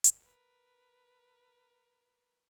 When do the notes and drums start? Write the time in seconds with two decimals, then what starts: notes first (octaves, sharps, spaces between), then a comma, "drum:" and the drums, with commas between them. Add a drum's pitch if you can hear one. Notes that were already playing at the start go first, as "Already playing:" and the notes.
0.04 drum: hi-hat
0.22 A#4 B4